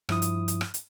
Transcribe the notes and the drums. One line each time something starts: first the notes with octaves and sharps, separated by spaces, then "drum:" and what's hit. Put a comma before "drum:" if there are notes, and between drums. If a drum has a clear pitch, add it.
G2 F3 E4 D#6, drum: rim click
drum: hi-hat
drum: hi-hat
drum: rim click
drum: hi-hat